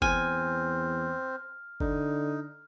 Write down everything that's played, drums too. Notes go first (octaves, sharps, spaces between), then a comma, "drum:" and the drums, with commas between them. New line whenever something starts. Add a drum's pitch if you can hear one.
E2 C4 G#5 F6, drum: kick F#1
D3 D#4, drum: kick F#1